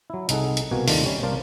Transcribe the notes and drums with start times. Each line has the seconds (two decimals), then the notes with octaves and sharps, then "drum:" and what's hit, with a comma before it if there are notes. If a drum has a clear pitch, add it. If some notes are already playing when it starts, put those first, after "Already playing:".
0.10 F#3 E4
0.29 C2 D#4 G#4 A4 F#5, drum: hi-hat
0.57 drum: hi-hat
0.71 C2 B2 A#3 F#4 G#5
0.88 D#2 C3 D#3 A3 D4 F4, drum: open hi-hat
1.06 G3 C#4 C#5
1.22 C2 A#3 C5 D5 F5 A5